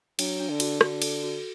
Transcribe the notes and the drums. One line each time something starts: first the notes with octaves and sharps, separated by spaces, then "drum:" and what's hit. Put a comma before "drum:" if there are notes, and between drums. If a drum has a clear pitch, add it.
F#3 D4, drum: cymbal
D4
D3
F#4, drum: cymbal
D3 F#4, drum: rim click
A4, drum: cymbal
F#4